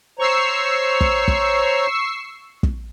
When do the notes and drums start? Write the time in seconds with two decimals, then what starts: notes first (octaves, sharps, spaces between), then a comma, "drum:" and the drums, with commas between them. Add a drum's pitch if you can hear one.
0.19 C5 C#5 A#5 C#6 E6 C7
1.01 drum: kick
1.28 drum: kick
2.63 drum: kick